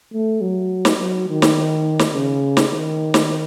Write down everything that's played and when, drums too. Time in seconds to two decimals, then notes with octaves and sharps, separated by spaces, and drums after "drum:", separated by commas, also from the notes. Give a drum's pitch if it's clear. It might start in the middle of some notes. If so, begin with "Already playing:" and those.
0.14 A3
0.41 F#3
0.85 drum: snare
0.99 F#3
1.28 D#3
1.42 drum: snare
1.99 drum: snare
2.14 C#3
2.57 drum: snare
2.70 D#3
3.14 drum: snare